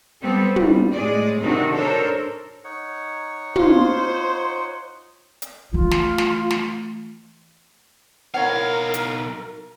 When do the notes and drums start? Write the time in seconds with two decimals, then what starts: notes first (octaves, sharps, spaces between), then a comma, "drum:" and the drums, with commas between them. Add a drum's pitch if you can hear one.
0.22 G3 B3 C4 A4
0.56 G3, drum: tom
0.92 A2 G#3 G#4 D5
1.41 C3 D#3 C4 D4 D#4 F#4
1.74 D4 D#4 A4 A#4 C5 C#5
2.64 D#4 C#5 F#5
3.56 F4 C5, drum: tom
5.42 drum: hi-hat
5.73 E3 A3 F4
5.91 drum: snare
6.18 drum: snare
6.50 drum: snare
8.34 B1 E4 A#4 C#5 F5 F#5
8.94 drum: hi-hat